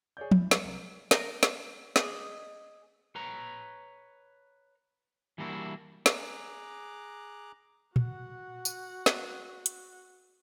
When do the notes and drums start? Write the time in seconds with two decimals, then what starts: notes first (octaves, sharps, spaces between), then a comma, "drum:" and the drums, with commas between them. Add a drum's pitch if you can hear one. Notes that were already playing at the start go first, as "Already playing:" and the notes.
0.17 G#4 C#5 D5 G6
0.31 E4, drum: tom
0.51 C#7 D#7, drum: snare
0.63 C2
1.11 A#4 A#5, drum: snare
1.43 drum: snare
1.96 G#4 D#5 D6, drum: snare
3.15 B4 C#5 A#5
5.38 E3 G3 A#3 D4 E4 F#4
6.06 G#4 A#5 D6 F#6, drum: snare
7.96 F#4 F#5, drum: tom
8.65 drum: tambourine
9.06 drum: snare
9.66 drum: hi-hat